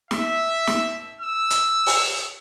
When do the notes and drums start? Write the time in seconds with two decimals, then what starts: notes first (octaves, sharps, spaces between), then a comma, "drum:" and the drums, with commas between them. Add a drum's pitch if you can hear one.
0.11 E5, drum: snare
0.67 drum: snare
1.21 E6
1.50 drum: hi-hat
1.86 drum: open hi-hat